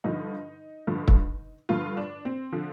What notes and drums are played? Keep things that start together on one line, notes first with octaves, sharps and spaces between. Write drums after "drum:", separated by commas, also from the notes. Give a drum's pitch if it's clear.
G2 D3 F3 D#4
G2 D3 F3
drum: kick
G2 D3 F3 F4
D4
C4
D3 F3